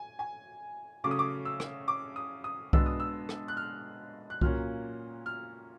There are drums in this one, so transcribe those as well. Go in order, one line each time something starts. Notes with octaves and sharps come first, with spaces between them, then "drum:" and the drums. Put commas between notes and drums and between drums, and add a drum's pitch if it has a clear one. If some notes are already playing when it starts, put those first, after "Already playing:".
Already playing: G#5
G#5
C#3 F#3 A3 C#4 D6
D#6
D6
E6
drum: rim click
D6
D#6
D#6
B2 G#3 B3 D4 E6, drum: kick C2
D#6
E6
drum: rim click
F#6
F6
F#6
A#2 F#3 A#3 C#4 F6, drum: kick C2
F6